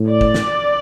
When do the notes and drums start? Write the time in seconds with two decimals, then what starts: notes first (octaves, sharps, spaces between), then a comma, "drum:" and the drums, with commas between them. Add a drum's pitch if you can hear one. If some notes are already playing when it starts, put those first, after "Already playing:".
Already playing: A2
0.09 D5
0.21 drum: kick
0.34 drum: snare